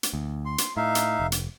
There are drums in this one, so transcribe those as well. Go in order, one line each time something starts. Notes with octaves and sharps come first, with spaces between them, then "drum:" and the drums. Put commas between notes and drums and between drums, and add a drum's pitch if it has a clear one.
drum: hi-hat
D2
C6
drum: hi-hat
A2 D#4 E5 F5
drum: hi-hat
F1
drum: hi-hat